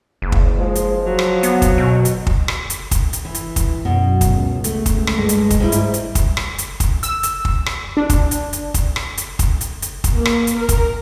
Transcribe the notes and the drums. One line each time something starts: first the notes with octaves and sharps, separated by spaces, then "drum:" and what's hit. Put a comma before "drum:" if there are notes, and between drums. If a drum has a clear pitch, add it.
F#1
drum: kick
F3 G#3
drum: hi-hat
F#3
drum: rim click
B3, drum: hi-hat
drum: kick, hi-hat
B2
drum: hi-hat
drum: kick
drum: rim click
drum: hi-hat
drum: kick, hi-hat
drum: hi-hat
E3
drum: hi-hat
drum: kick, hi-hat
F#2 B2
drum: kick, hi-hat
C#2
A3, drum: hi-hat
drum: kick, hi-hat
drum: rim click
G2 G#3
drum: hi-hat
drum: kick, hi-hat
G#2 G3 E4
drum: hi-hat
drum: hi-hat
drum: kick, hi-hat
drum: rim click
drum: hi-hat
drum: kick, hi-hat
E6, drum: hi-hat
drum: hi-hat
drum: kick
drum: rim click
D4
drum: kick, hi-hat
drum: hi-hat
drum: hi-hat
drum: kick, hi-hat
drum: rim click
drum: hi-hat
drum: kick, hi-hat
drum: hi-hat
drum: hi-hat
drum: kick, hi-hat
A#3
drum: rim click
drum: hi-hat
A#4
drum: kick, hi-hat